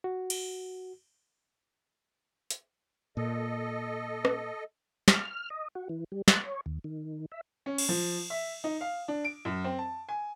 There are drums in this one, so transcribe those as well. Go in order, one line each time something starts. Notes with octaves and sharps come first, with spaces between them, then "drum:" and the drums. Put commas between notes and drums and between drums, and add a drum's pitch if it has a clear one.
F#4
drum: cymbal
drum: hi-hat
A#2 A4 D#5
drum: rim click
F6, drum: snare
D#5
F#4
E3
G3
F#6, drum: snare
C#5
D#2
D#3
E5
C#4
drum: cymbal
F3
E5
D#4
F5
D4
D7
F#2
C4
A5
G#5